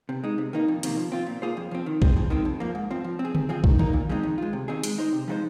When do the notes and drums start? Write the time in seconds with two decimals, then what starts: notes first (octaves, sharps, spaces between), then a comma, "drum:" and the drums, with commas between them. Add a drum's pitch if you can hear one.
0.09 C3
0.24 G#3 D#4
0.38 C3
0.53 D#3 A#3 D#4
0.68 F2
0.83 C3 D#3 A#3, drum: hi-hat
0.97 F3
1.12 C4 F4
1.27 A#2
1.42 A#3 F4 G#4 C5
1.57 F2
1.71 F3 C4
1.86 D#3
2.02 C4 G#4 C5, drum: kick
2.17 F2
2.30 D#3 G#3 C4
2.45 F2
2.60 F3 A#3
2.75 G#2
2.91 F3 C4
3.04 F3
3.19 C4
3.25 G#4
3.35 C3, drum: tom D3
3.49 F3 C4 G#4
3.64 D#3, drum: kick
3.79 A#3 D#4 A#4, drum: tom D3
3.93 A#2
4.09 F3 G#3 C4 D#4
4.23 D#3
4.38 G#3 F4
4.53 C3
4.68 D#3 C4 D#4 G#4
4.84 G#3, drum: hi-hat
4.98 D#4 C5
5.13 C3
5.28 F3 G#3 D#4 C5